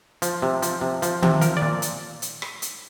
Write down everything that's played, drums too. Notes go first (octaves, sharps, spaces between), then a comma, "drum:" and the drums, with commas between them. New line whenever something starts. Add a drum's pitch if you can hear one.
F3, drum: hi-hat
C3
F3, drum: hi-hat
C3
F3, drum: hi-hat
C3, drum: tom D#3
F3 A#4, drum: hi-hat
D5
A#2
drum: hi-hat
drum: hi-hat
drum: rim click
drum: hi-hat